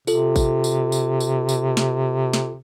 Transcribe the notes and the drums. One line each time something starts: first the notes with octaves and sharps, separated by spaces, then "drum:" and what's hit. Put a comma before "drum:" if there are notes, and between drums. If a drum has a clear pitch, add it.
C3 F4 A4, drum: tambourine
drum: kick A1, tambourine
drum: tambourine
drum: tambourine
drum: tambourine
drum: tambourine
drum: snare
drum: snare